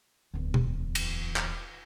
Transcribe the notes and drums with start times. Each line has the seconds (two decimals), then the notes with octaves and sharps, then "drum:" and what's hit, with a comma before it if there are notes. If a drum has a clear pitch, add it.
0.34 D1 E2
0.54 drum: tom B2
0.95 drum: cymbal
1.36 drum: clap